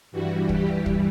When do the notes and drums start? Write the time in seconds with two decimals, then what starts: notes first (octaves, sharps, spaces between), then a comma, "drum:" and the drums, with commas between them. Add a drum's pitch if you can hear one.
0.12 G2 E3 G3 F#4
0.49 G4, drum: kick
0.86 drum: kick